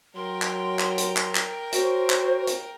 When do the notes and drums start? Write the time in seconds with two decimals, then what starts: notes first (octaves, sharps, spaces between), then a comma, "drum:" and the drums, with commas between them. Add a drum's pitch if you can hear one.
0.16 F#3 A#4 G5 C6
0.42 drum: clap
0.79 drum: clap
0.98 drum: hi-hat
1.16 drum: clap
1.35 drum: clap
1.72 F#4 C5 C#5, drum: hi-hat
2.10 drum: clap
2.47 drum: hi-hat